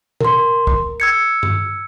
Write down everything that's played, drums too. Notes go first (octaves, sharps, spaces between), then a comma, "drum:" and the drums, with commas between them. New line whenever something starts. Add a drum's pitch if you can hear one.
A#4 C6, drum: tom A#2
drum: kick
E6 G#6 C#7
drum: tom G2